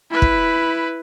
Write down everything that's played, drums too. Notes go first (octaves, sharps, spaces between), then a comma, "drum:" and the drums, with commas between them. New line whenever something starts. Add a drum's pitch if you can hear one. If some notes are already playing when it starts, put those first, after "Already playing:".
E4 B4
drum: kick